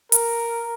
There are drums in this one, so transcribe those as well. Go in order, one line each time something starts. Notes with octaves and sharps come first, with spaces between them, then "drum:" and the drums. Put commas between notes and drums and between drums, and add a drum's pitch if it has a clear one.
A#4, drum: hi-hat